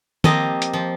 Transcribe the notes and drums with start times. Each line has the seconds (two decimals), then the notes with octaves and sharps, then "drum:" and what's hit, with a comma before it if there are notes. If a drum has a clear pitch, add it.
0.24 F3 A#3 C4 G4 D#5, drum: tom
0.62 drum: hi-hat
0.73 F3